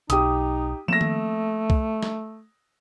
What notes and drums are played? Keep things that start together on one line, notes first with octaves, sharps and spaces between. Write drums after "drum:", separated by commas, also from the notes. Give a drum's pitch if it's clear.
B1 D#4 G4 D#6, drum: hi-hat
F3 A3 A#3 C4 A#6 E7
drum: tom D#3
drum: kick C2
drum: snare